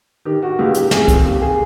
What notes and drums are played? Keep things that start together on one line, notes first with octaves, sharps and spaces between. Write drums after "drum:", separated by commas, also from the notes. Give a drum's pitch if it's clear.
D#3 G4
F#4
C#2 G4
G4, drum: hi-hat
C3 G#4, drum: snare
drum: kick C2, hi-hat
D#2 G4
G#4